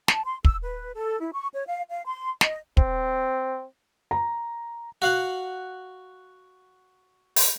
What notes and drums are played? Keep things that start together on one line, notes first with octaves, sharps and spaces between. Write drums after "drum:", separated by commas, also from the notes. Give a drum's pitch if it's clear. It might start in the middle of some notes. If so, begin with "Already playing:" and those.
A5, drum: snare
C6
E6, drum: kick
B4
A4
E4
C#6
C#5
F5
F5
C6
D#5, drum: snare
C4, drum: kick
A#5
F#4 F5 F#5
drum: open hi-hat